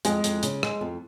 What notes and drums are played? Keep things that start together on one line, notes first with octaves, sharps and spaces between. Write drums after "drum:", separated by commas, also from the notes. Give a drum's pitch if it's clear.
F2 G#3, drum: hi-hat
F2, drum: hi-hat
C#3, drum: hi-hat
G#3, drum: rim click
F2